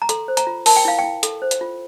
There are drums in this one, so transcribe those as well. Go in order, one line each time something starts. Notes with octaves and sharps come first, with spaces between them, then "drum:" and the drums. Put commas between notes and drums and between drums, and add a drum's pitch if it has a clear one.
A#5
A4 C6, drum: hi-hat
C5
A#5, drum: hi-hat
F4
A#4 A5, drum: open hi-hat
G5
E4 F5
G5
E4
A4, drum: hi-hat
C5
drum: hi-hat
F4